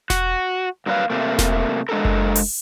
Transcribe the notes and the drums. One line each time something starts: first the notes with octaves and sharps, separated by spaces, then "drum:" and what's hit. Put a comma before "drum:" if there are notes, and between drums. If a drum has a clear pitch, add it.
F#4, drum: snare E1
G2 F#3 A#3 C#4 B4 F5
C3 A3 A#3
drum: snare E1
G#3 D4 A4 A#4
drum: kick F#1
drum: open hi-hat